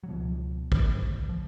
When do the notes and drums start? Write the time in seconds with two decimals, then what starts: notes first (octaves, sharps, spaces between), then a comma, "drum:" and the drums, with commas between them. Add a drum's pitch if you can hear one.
0.03 F#3
0.09 C#2 B2 F3
0.72 D2 D3, drum: kick
1.29 F3